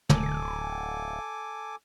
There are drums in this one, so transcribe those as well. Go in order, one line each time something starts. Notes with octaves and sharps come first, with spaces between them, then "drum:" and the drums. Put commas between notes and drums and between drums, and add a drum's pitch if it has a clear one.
D1 A4 G#5 D6, drum: tom